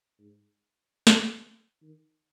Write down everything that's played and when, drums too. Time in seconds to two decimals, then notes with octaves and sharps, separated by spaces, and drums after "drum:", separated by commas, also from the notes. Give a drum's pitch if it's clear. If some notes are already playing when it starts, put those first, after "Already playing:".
0.19 G#2
1.07 drum: snare
1.82 D#3